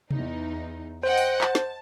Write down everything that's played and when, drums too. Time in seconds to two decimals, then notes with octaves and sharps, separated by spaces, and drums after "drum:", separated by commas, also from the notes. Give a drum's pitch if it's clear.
0.11 E2 D#4, drum: tom C3
1.03 C5 D#5 F#5 G5
1.17 drum: open hi-hat
1.41 A5, drum: clap
1.55 drum: snare